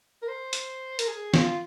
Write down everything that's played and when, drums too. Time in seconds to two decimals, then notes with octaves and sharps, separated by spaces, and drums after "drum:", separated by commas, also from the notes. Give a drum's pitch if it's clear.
0.22 A#4
0.28 C5
0.53 drum: hi-hat
0.99 A#4, drum: hi-hat
1.08 G#4
1.34 F4, drum: snare